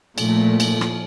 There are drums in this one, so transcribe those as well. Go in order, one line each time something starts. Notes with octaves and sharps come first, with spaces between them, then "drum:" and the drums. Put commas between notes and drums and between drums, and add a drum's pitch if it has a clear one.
A#2 F3 A3, drum: cymbal
drum: cymbal
drum: rim click